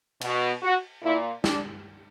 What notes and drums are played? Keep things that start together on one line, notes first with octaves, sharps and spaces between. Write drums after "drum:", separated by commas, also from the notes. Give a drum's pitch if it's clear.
B2, drum: cymbal
F#4
A#2 E4
D4, drum: snare